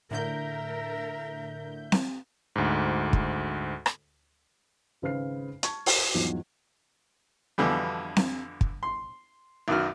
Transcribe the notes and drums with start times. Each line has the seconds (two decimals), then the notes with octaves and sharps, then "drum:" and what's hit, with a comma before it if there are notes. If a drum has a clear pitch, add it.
0.11 A2 D3 A#4 E5 G6
1.92 drum: snare C4
2.56 D2 G#2
3.13 drum: kick
3.86 drum: rim click
5.02 G#1 C#3 B4 C5 F6 C7
5.63 A5 C#6 G#6, drum: hi-hat
5.86 drum: open hi-hat
6.14 E2 G#2 F3 F#3
7.58 F2 B2 D3 E3 G3
8.16 drum: snare C4
8.61 drum: kick
8.83 C6
9.68 B1 F#2 D#3 F#4 F6